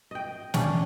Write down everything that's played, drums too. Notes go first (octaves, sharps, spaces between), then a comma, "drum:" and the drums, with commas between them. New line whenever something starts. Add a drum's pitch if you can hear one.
D#5 G5
C#4 D4, drum: snare